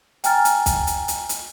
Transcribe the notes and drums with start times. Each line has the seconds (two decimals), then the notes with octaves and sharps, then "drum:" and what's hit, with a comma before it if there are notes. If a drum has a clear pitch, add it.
0.24 G5 G#5 A#5 F6 A6, drum: hi-hat
0.45 drum: hi-hat
0.66 drum: kick, hi-hat
0.87 drum: hi-hat
1.08 drum: hi-hat
1.29 drum: hi-hat